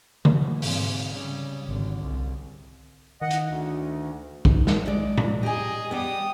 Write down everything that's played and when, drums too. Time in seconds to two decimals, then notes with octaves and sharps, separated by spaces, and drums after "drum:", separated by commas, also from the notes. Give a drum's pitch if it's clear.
0.25 B2 E3, drum: tom D3
0.62 G#2 C3, drum: open hi-hat
1.13 C#3 G3
1.66 G#1 D3
2.02 C2
3.22 D#3 D#5 F#5
3.31 drum: hi-hat
3.47 D2
4.45 D#4, drum: kick
4.67 drum: snare
4.86 G#3 D5
5.18 drum: tom A2
5.43 G4 G#4 D#5 G#5
5.91 G3 B3 G4 D#6